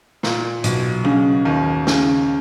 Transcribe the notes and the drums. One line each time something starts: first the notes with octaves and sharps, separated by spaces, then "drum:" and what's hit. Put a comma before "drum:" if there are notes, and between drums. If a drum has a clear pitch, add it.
A#2, drum: snare
B1, drum: hi-hat
C#3, drum: tom F#3
D#2
C#3, drum: snare